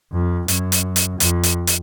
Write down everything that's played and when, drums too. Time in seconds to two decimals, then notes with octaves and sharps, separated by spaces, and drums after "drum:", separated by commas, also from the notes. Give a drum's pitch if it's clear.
0.12 F2
0.48 F#2, drum: hi-hat
0.72 drum: hi-hat
0.96 drum: hi-hat
1.20 F2, drum: hi-hat
1.43 drum: hi-hat
1.67 drum: hi-hat